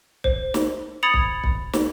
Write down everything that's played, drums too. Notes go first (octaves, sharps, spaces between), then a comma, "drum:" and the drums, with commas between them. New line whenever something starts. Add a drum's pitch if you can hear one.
C5, drum: kick
drum: snare
B5 D#6 G#6 A6 C#7 F7
drum: kick
drum: kick
drum: snare